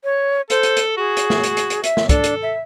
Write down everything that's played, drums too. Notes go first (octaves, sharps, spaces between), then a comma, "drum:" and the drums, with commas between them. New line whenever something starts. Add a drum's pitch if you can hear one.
C#5
A4 C5, drum: hi-hat
drum: hi-hat
drum: hi-hat
F#4 G#4
drum: hi-hat
drum: snare
drum: hi-hat
drum: hi-hat
drum: hi-hat
E5, drum: hi-hat
drum: snare
D4 A4, drum: kick, hi-hat
drum: hi-hat
E5